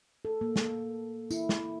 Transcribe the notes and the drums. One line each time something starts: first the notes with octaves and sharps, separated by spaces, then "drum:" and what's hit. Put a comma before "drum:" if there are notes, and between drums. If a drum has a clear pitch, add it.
A4
A#3
drum: snare
E4, drum: tambourine
drum: snare